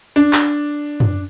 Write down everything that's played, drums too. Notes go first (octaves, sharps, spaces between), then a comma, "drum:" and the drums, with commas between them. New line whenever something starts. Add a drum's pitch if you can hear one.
D4
drum: clap
drum: tom F#2